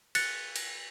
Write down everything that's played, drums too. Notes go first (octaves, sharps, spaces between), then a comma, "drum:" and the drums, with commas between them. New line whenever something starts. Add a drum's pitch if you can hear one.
F#6 A6 C#7, drum: cymbal
drum: cymbal